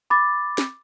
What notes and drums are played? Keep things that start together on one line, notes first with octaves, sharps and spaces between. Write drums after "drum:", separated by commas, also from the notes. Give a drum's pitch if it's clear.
B5 D6 A6
drum: snare